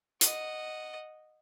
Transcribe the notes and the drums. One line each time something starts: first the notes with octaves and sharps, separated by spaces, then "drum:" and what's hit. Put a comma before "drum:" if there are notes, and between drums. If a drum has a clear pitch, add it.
D#5 F#5, drum: hi-hat